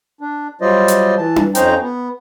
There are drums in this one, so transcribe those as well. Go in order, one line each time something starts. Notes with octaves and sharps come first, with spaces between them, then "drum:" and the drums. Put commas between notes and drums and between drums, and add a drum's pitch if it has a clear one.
D4
F#3 G3 F4 C5 D5 D#5
drum: hi-hat
E3 A5
drum: tom D4
F2 C#4 D#4 C5 G5 A#5, drum: hi-hat
B3